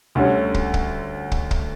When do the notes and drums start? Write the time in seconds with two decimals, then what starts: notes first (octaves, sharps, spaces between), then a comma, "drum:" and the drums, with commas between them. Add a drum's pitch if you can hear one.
0.15 D2 D3 G3 C#4
0.54 drum: kick
0.74 drum: kick
1.32 drum: kick
1.51 drum: kick